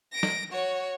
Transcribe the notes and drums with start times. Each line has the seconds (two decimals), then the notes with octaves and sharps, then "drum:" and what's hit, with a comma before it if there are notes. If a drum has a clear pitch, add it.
0.12 A#6 D7
0.23 drum: snare
0.52 F#4 C#5